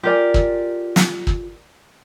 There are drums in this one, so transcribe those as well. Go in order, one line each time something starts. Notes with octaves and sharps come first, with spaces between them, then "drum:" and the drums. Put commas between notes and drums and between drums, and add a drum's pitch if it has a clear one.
F4 G4 A4 A#4 D5 G#5
drum: kick
drum: snare
drum: kick